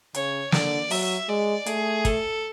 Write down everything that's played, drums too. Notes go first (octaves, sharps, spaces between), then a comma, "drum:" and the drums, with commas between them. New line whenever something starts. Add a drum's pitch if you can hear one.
C#3 C#5, drum: hi-hat
D3 D5, drum: snare
F#3 E5, drum: open hi-hat
G#3 D5
A3 G#4, drum: hi-hat
A4, drum: kick, hi-hat